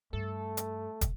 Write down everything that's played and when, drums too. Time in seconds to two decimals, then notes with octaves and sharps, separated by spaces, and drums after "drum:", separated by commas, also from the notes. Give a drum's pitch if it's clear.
0.13 G2 A3 A4
0.57 drum: hi-hat
1.01 drum: kick, hi-hat